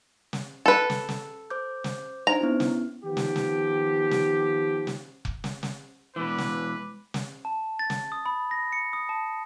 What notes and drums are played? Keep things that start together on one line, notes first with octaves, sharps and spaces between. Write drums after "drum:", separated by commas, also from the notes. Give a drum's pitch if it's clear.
drum: snare
A4 B4
drum: snare
drum: snare
C5 D6 G6
drum: snare
D4 D#4 C5 A#5
B3 C#4 E4
drum: snare
D#3 F3 B3 G4
drum: snare
drum: snare
drum: snare
drum: snare
drum: kick F1
drum: snare
drum: snare
B2 E3 G#3 B4 D6
drum: snare
drum: snare
A5
A6
drum: snare
D#6
B5
A#6
C#7
D#6
A5